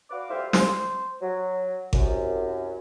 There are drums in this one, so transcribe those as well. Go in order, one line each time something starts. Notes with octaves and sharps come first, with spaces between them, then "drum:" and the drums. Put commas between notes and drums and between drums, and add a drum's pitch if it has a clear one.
F#4 B4 D5 F5 D6
G3 A3 F4 C5 E5 F5
C5, drum: snare
F#3
C2 F#2, drum: kick G#1